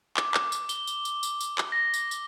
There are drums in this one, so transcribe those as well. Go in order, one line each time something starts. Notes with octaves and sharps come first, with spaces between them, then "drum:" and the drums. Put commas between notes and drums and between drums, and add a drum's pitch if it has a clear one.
D6, drum: clap
drum: clap
drum: tambourine
G7, drum: tambourine
drum: tambourine
drum: tambourine
drum: tambourine
drum: tambourine
drum: clap
A#6
drum: tambourine
drum: tambourine